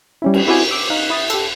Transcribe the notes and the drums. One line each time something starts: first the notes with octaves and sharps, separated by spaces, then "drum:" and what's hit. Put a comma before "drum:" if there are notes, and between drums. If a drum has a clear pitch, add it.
G3 C#4 E4
drum: cymbal
G#3 C4 E4 F#4 D5 G#5
E5 D6
D#4 F5 F#6
E4 D#6 A6
G4 A4, drum: cymbal